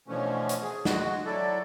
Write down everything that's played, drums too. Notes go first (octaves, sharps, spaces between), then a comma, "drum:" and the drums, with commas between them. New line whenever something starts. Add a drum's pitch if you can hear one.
B2 D3 E3 F3 A3 C#4
drum: hi-hat
G#4
G#3 F#4, drum: snare
F#3 E4 A4 D5